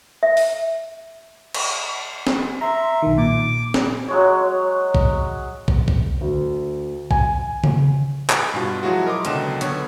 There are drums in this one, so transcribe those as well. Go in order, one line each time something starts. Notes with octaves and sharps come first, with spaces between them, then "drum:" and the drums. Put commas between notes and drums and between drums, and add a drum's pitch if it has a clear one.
E5
drum: open hi-hat
drum: cymbal
drum: snare
E5 A#5 C6
B1 D#3
A#2 D6
drum: snare
F#3 G#3 C#5
drum: kick
drum: kick
drum: kick
D2
G#5, drum: kick
drum: tom C#3
drum: clap
G2 B2 F4
F3 F#3 G#3 E4 F#4
A#4 D#5 C6 D6
C#2 B2 D3 F#3 E7, drum: hi-hat
D3 B3 C#5, drum: hi-hat